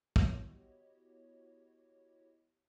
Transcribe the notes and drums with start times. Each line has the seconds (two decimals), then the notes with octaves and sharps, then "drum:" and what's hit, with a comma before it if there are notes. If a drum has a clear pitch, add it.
0.16 B3 E4 F#4 G4 C#5 D#5, drum: kick